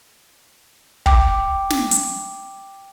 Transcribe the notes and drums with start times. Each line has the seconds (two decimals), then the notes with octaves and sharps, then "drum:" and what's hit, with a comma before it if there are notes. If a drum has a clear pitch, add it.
1.06 G5 D6, drum: kick
1.70 drum: snare
1.91 drum: hi-hat